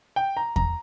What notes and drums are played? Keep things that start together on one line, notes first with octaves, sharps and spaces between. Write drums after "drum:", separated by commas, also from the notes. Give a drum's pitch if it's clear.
G5
A#5
A#5, drum: kick E2